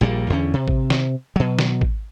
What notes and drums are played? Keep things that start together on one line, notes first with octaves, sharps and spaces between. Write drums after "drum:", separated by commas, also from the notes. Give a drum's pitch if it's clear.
A#1 A#2 G3 A#3
E2 D3 C#4
C3
drum: kick
drum: snare
B2 F#3
drum: snare
drum: kick